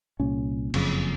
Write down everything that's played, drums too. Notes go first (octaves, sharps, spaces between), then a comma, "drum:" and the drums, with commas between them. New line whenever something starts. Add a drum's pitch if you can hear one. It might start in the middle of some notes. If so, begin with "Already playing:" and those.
C2 A#2 C#4
F#1 F2 C#3, drum: cymbal